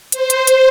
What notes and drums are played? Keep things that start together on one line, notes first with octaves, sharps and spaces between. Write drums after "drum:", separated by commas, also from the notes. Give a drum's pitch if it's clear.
C5, drum: hi-hat
drum: hi-hat
drum: hi-hat